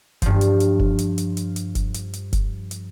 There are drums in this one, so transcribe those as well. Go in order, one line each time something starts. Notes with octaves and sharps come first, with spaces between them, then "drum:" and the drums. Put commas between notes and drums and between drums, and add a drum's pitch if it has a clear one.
G2 F3, drum: kick F1, hi-hat
drum: hi-hat
drum: hi-hat
drum: kick F1
drum: hi-hat
drum: hi-hat
drum: hi-hat
drum: hi-hat
drum: kick F1, hi-hat
drum: hi-hat
drum: hi-hat
drum: kick F1, hi-hat
drum: hi-hat